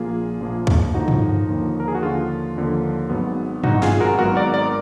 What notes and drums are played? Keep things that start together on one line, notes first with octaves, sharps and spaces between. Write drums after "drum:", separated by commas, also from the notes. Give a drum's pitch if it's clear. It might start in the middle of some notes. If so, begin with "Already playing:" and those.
Already playing: A#1 A#2 F3 A#3 F4 G#4
A#1 A#2 F3 A#3
drum: kick
D#2 D3 F3 A#3 D#4 F#4
drum: tom
D#2 D3 F3 A#3
A#4
G#4
F#4
D#2 D3 F3 A#3 F4
D#2 D3 F3 A#3
G#1 G#2 F#3 B3
G#1 G#2 F#3 B3 D#4 F#4, drum: tom
F4 G#4, drum: snare
F#4 A#4
G#1 G#2 F#3 B3 F#4 A#4
A#4 D5
A#4 D5